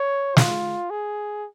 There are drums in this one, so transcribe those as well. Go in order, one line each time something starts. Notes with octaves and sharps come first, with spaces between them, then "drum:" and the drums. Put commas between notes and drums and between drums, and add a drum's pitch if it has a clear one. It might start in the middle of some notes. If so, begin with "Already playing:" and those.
Already playing: C#5
F4, drum: snare
G#4